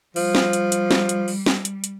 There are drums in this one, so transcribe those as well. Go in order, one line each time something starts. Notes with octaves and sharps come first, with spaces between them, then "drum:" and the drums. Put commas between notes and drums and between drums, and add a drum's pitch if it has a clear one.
F3 G3, drum: open hi-hat
drum: snare
drum: hi-hat
drum: hi-hat
drum: snare
drum: hi-hat
drum: open hi-hat
drum: snare
drum: hi-hat
drum: hi-hat